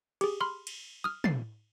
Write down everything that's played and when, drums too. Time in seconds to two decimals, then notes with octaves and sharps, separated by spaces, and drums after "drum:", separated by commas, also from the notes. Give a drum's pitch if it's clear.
0.21 G4 G#4, drum: cymbal
0.41 B5 C6 F6
0.67 drum: cymbal
1.04 D#6 F6
1.24 A6 C7, drum: tom